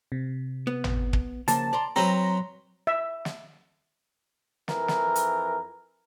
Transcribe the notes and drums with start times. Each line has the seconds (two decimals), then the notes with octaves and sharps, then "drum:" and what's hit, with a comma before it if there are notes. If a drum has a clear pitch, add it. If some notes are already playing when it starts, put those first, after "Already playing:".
0.12 C3
0.67 B3
0.84 drum: tom
1.13 drum: kick
1.48 C#3 F3 A#3 A5, drum: hi-hat
1.73 D5 A#5 C6
1.96 F#3 C4 B4 C5 A#5
2.87 E5
3.25 drum: snare
4.68 F2 E3 A#4, drum: snare
4.88 drum: snare
5.15 drum: hi-hat